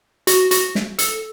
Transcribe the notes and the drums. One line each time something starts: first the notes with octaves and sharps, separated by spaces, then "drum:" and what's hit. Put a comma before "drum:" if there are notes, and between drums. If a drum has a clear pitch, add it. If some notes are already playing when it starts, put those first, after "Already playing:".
F#4, drum: hi-hat
F#4, drum: hi-hat
drum: snare
A4, drum: hi-hat